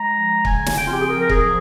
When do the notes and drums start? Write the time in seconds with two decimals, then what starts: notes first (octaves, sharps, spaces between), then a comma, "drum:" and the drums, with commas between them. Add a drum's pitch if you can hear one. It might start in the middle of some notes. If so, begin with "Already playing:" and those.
Already playing: G#3 A#5
0.14 F3
0.45 C#3 G#5, drum: kick C#1
0.66 drum: snare
0.77 C4 G5
0.86 F4
0.93 G4
1.01 G#4
1.08 F3 A#4
1.20 A#4
1.29 G#4, drum: kick C#1
1.40 F3